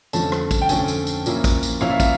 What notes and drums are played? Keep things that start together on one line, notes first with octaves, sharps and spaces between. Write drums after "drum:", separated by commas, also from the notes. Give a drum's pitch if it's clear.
F2 D3 F3 A3 C#4 A5, drum: tambourine
drum: rim click
drum: kick, tambourine
G5
F2 D3 F3 A3 C#4 G#5, drum: tambourine
drum: tambourine
drum: tambourine
A#2 F3 A#3 C#4 E4, drum: tambourine
drum: kick, tambourine
drum: tambourine
A#2 F3 A#3 C#4 E4 F5, drum: rim click
E5
F5, drum: kick, tambourine